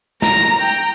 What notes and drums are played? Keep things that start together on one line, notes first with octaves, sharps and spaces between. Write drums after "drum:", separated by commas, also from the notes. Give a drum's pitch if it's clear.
A#5, drum: snare
G5 A#5